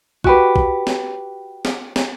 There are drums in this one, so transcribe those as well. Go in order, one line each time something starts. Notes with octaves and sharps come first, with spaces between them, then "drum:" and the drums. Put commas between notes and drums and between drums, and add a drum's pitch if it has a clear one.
F#4 G4 B4, drum: kick A#1
drum: kick A#1
drum: snare
drum: snare
drum: snare